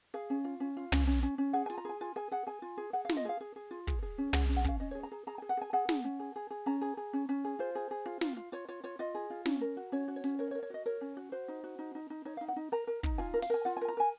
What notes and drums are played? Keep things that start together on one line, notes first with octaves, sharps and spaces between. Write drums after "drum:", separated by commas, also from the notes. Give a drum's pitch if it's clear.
G#4 F5
C#4
F4
C#4
F4
C#4, drum: tom
C#4
C#4
C#4
G#4 F#5
G#5
F4, drum: hi-hat
A#5
G#4 G#5
F4 G#5
G#4 G#5
G#4 F#5
G#4 G#5
F4
G#4
G#4 F#5
F5
F4, drum: snare
D#5
G#4 F5
G#4
G#4
F4
G#4, drum: kick
G#4
C#4
G#4 F#5, drum: tom
C#4
F#5
C#4 F5, drum: kick
C#4 D#5
C#5
G#4
A#5
G#4
G#4 A#5
G#5
G#4
F#5
G#4 G#5
G#4 F#5
G#4, drum: snare
C#4
G#4
G#4
G#4
C#4 A#5
G#4
G#4
C#4
C#4
G#4
F4 C5
G#4
G#4
F4
F4, drum: snare
F4
F4 C#5
F4 C#5
F4 C#5
F4 D#5
G#4
F4
C#4, drum: snare
A#4
F#4
C#4 C#5
F#4
C#5
C#4, drum: hi-hat
A#4 C#5
C#5
A#4
C#5
F#4 D#5
A#4 C#5
C#4
F#4
F#4 C5
D#4
F#4
D#4
D#4
D#4
D#4 C#5
F5
D#4
F#5
D#4
A#4 A#5
A#4
D#4, drum: kick
F4 G#5
A#4
F5, drum: open hi-hat
A#4 G#5
F4 F#5
G#5
A#4
A#5
A#4 G#5